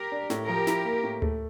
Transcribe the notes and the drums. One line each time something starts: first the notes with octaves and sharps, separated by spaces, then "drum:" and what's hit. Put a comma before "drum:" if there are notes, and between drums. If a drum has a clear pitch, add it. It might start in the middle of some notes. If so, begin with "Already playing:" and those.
Already playing: G4 A#4
D4
A2, drum: snare
F3 G4 A#4
E4, drum: snare
A#3
A2
A3, drum: tom D2